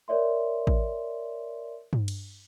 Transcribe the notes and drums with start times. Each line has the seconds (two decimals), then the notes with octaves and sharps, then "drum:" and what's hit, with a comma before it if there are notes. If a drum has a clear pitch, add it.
0.08 A#4 C#5 D5 E5 C6
0.67 drum: kick A1
1.93 drum: tom
2.08 drum: cymbal